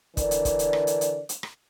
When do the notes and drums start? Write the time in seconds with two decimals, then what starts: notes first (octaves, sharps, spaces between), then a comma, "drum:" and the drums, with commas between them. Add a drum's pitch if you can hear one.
0.17 D3 E3 D4 A#4 D5, drum: kick, hi-hat
0.31 drum: hi-hat
0.45 drum: kick, hi-hat
0.59 drum: hi-hat
0.73 drum: rim click
0.87 drum: hi-hat
1.01 drum: hi-hat
1.29 drum: hi-hat
1.43 drum: rim click